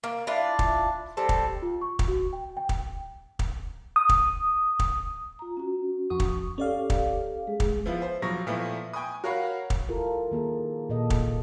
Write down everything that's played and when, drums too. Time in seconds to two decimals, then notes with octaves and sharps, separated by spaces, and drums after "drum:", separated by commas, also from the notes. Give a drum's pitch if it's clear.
0.04 A#3
0.27 D4 E4 F4
0.59 drum: kick
1.17 G3 C4 A4
1.29 drum: kick
1.62 F4
1.82 C#6
1.99 drum: kick
2.08 F#4
2.33 G5
2.57 G5
2.69 drum: kick
3.39 drum: kick
3.96 D#6
4.09 drum: kick
4.79 drum: kick
5.39 F4 A#5
5.57 C#4 F#4
6.10 F2 F#4 C#6 D#6
6.20 drum: kick
6.58 C#4 G4 A4 D5 F5
6.90 drum: kick
7.47 G#3 G#4
7.60 drum: kick
7.86 F3 B3 E4 F4
8.02 C5
8.22 E1 F3 F#3 C#6 A#6
8.47 A#2 F3 A3 B3 E4
8.94 G5 G#5 B5 C#6 D#6
9.24 F#4 A#4 C#5 F5 F#5 B5
9.70 drum: kick
9.88 E4 F4 G4 A4 A#4
10.32 D#3 A#3 G#4
10.89 A#2 A4 D#5
11.10 drum: kick